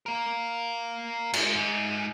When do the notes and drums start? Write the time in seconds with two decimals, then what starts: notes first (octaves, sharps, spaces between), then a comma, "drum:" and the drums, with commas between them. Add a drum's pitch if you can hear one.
0.06 A#4 F5
1.33 G#2, drum: cymbal
1.56 G#2